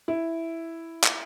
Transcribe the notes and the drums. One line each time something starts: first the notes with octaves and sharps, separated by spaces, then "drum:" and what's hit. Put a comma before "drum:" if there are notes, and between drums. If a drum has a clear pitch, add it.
E4
drum: clap